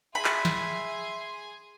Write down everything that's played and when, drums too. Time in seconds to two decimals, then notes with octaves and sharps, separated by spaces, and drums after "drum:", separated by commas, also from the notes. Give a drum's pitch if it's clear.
0.15 G#4 E5 G#5 B5 C6
0.25 drum: clap
0.45 drum: snare